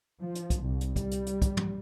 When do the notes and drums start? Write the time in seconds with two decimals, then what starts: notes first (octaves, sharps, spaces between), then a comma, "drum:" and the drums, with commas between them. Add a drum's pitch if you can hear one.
0.21 F3
0.35 drum: hi-hat
0.50 drum: kick, hi-hat
0.61 C2
0.81 drum: hi-hat
0.96 G3, drum: kick, hi-hat
1.11 drum: hi-hat
1.26 drum: hi-hat
1.42 drum: kick, hi-hat
1.57 drum: tom